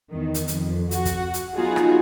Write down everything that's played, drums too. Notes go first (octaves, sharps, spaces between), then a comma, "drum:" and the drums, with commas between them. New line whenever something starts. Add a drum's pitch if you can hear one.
E2 D#3
drum: hi-hat
F2, drum: hi-hat
F#4, drum: hi-hat
drum: kick, hi-hat
drum: hi-hat
F#3 B3 D#4 F4 F#4 G#4
drum: rim click